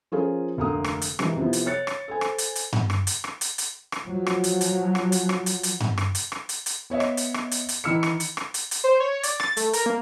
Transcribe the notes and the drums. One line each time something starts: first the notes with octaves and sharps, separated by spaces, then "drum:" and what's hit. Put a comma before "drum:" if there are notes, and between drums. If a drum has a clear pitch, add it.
F3 C#4 F4 G#4 A#4 F5
F1 D2 A#3 D#6
drum: rim click
drum: hi-hat
C3 D#3 E3 G#3 A#3, drum: rim click
C3 F3 B3 E4
drum: hi-hat
C#5 F#6 A6 C#7
drum: rim click
A4 C5 G#5
drum: rim click
drum: hi-hat
drum: hi-hat
drum: tom G2
drum: rim click
drum: hi-hat
drum: rim click
drum: hi-hat
drum: hi-hat
drum: rim click
F3 F#3
drum: rim click
drum: hi-hat
drum: hi-hat
drum: rim click
drum: hi-hat
drum: rim click
drum: hi-hat
drum: hi-hat
drum: tom G2
drum: rim click
drum: hi-hat
drum: rim click
drum: hi-hat
drum: hi-hat
B3 C#5 D#5 E5
drum: rim click
drum: hi-hat
drum: rim click
drum: hi-hat
drum: hi-hat
D#3 E3 E4 E6 F6 C#7
drum: rim click
drum: hi-hat
drum: rim click
drum: hi-hat
drum: hi-hat
C5
C#5
D5, drum: hi-hat
A6, drum: rim click
A3, drum: hi-hat
A#4, drum: hi-hat
A#3